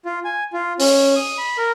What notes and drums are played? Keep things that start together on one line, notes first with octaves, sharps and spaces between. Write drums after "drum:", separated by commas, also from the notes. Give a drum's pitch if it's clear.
F4
G#5
F4
C#4, drum: open hi-hat
D#6
B5
A#4